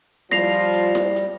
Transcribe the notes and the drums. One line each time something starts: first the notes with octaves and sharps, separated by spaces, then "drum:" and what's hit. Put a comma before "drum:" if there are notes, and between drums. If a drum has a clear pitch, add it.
F3 G3 A#6 C7 F7, drum: snare E4
drum: hi-hat
drum: hi-hat
drum: snare E4
drum: hi-hat